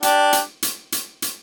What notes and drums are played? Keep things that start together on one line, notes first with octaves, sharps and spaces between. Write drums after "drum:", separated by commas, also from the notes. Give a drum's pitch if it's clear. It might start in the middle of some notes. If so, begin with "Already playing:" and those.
D4 G4, drum: hi-hat
drum: hi-hat
drum: hi-hat
drum: hi-hat
drum: hi-hat